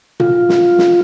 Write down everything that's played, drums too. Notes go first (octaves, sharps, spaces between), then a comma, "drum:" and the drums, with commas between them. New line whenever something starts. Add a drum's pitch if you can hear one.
F4, drum: tom A#2
drum: snare
drum: snare